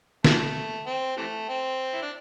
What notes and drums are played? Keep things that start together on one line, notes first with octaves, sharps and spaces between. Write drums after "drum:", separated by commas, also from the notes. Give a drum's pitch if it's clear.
A3, drum: snare
C4
C3 E3 A3
C4
E4
D4